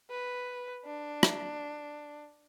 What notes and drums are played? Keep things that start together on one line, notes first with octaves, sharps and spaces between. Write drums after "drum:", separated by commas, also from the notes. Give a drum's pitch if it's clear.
B4
D4
drum: rim click